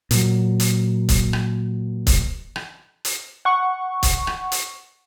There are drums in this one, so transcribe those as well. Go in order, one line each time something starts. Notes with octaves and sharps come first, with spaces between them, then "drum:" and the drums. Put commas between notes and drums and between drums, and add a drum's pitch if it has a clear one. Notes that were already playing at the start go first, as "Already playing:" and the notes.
A#2 F#3, drum: hi-hat
drum: hi-hat
drum: kick C#1, hi-hat
drum: rim click
drum: kick C#1, hi-hat
drum: rim click
drum: hi-hat
F#5 C#6
drum: kick C#1, hi-hat
drum: rim click
drum: hi-hat